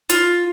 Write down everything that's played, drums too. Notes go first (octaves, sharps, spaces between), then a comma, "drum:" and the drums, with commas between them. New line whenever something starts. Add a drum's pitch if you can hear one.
F4, drum: hi-hat